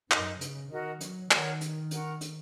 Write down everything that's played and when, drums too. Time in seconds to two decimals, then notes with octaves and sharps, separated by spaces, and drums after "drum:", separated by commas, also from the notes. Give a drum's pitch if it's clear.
0.11 F#2 D#4 A#4 D#5, drum: clap
0.41 C#3, drum: hi-hat
0.71 D#3 F#4 A#4 D#5
1.01 F#3, drum: hi-hat
1.31 D#3 A#4 C#5 F#5 A#5, drum: clap
1.61 drum: hi-hat
1.91 A#4 F#5 C#6, drum: hi-hat
2.21 drum: hi-hat